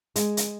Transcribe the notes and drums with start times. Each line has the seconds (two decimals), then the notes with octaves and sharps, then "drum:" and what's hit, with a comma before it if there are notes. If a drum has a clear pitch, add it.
0.16 G#3, drum: hi-hat
0.37 drum: hi-hat